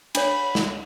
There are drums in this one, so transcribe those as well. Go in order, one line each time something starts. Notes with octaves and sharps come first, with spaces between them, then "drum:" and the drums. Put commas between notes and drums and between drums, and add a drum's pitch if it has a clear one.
D4 C#5 B5, drum: cymbal
drum: snare